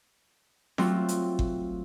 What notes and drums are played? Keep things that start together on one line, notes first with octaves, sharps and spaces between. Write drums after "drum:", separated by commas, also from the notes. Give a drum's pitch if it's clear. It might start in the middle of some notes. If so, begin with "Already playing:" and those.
F#3 A3 C4 F4 G4, drum: snare F4
drum: hi-hat
drum: kick G1